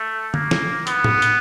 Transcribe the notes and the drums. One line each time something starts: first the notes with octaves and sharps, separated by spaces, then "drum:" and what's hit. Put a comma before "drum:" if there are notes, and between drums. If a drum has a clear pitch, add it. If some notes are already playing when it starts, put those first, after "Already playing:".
Already playing: A3
A#3, drum: tom D3
drum: snare
B3, drum: hi-hat
drum: tom A2
drum: hi-hat